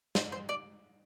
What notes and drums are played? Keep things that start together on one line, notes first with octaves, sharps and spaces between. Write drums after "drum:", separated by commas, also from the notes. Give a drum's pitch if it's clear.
C5, drum: snare
C5
D5